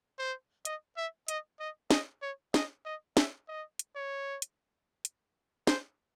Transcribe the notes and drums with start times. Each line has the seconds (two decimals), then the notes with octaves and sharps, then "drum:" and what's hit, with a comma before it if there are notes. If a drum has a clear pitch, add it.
0.18 C5
0.65 D#5, drum: hi-hat
0.97 E5
1.28 D#5, drum: hi-hat
1.60 D#5
1.91 D#5, drum: snare
2.22 C#5
2.54 D#5, drum: snare
2.85 D#5
3.17 E5, drum: snare
3.48 D#5
3.79 drum: hi-hat
3.95 C#5
4.42 drum: hi-hat
5.05 drum: hi-hat
5.67 C5, drum: snare